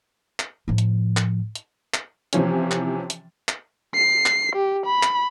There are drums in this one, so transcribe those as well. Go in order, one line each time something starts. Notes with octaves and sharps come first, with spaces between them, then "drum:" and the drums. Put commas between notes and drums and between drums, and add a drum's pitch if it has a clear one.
drum: clap
A2 F3
drum: hi-hat
drum: clap
drum: hi-hat
drum: clap
C3 E3 F3 C#4, drum: hi-hat
drum: clap
drum: hi-hat
drum: clap
C7
drum: clap
G4
B5
drum: clap